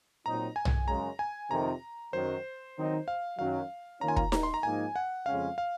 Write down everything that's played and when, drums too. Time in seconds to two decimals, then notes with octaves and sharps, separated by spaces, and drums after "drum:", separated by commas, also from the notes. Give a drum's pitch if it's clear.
0.25 A#2 F#3 C4 D#4 A#5
0.56 G#5
0.65 drum: tom B1
0.88 F#2 C#3 G#3 A#5
1.19 G#5
1.50 F2 C3 D#3 A#5
2.13 F#2 D#3 F#3 C5
2.76 D#3 F#3 C4 D#4
3.08 F5
3.39 F#2 D#3 F#3 F5
4.01 D#3 A#3 C#4 F4 A#5
4.08 G#5
4.16 A#5, drum: kick
4.32 A#5, drum: snare D#4
4.43 C6
4.54 A#5
4.63 G#2 F3 A#3 D#4 G#5
4.96 F#5
5.26 F2 C#3 G#3 C#4 F5
5.58 F5